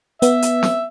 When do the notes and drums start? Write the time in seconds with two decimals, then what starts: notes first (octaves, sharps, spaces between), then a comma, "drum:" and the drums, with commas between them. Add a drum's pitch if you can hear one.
0.22 B3 E5, drum: hi-hat
0.42 drum: hi-hat
0.63 drum: snare